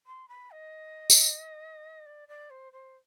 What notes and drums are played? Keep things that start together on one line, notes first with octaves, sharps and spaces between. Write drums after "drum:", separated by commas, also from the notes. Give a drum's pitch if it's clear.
C6
B5
D#5
drum: tambourine
D5
D5
C5
C5